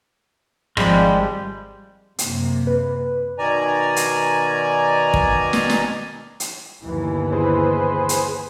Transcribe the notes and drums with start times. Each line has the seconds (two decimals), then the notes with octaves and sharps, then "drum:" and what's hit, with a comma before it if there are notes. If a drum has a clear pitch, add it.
0.77 G#1 F3 G3 G#3, drum: rim click
2.18 F#2 C3 A#3, drum: hi-hat
2.67 B4
3.38 B2 D#3 D5 G#5 A#5
3.96 drum: hi-hat
5.14 drum: kick
5.53 drum: snare
5.70 drum: snare
6.40 drum: hi-hat
6.81 G1 D#2 E3
7.33 G#4 B4 C5
8.09 drum: hi-hat